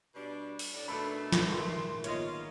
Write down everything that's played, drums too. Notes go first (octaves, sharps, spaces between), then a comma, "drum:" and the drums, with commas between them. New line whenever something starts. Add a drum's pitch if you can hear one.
B2 G3 D4
drum: open hi-hat
A2 D4
B2 D#3 A3 D4 A4 B5
G#1 A#2, drum: snare
E5 C6
A#3 B3 F4 C#5 D#5, drum: hi-hat